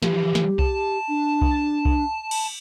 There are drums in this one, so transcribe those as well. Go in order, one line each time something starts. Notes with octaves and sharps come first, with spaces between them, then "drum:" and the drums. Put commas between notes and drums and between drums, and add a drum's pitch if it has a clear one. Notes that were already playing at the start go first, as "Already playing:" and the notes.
E3 F3 G4, drum: snare
drum: snare
A5, drum: kick C2
D4
drum: kick C2
drum: kick C2
drum: cymbal